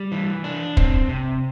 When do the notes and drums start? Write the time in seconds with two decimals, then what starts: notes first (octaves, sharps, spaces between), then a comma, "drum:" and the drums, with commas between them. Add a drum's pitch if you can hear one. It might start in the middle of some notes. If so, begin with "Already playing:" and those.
Already playing: G3
0.12 E3
0.44 D4
0.77 C4, drum: kick
1.09 C3